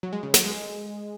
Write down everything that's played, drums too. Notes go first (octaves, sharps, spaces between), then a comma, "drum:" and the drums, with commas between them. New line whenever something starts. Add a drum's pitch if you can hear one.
F#3
G#3
C#3
F#3, drum: snare
G#3